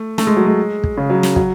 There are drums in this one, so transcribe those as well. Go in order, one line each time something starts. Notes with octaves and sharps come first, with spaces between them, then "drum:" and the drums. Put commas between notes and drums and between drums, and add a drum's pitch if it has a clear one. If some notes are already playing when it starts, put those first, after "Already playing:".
Already playing: A3
A3, drum: snare
G#3
F#3
G#3
drum: kick
C#3
F#3
drum: snare
F#3, drum: kick